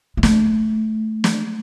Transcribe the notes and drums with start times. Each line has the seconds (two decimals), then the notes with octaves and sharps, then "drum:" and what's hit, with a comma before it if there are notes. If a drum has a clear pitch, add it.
0.17 G#3
0.23 A3, drum: snare
1.24 drum: snare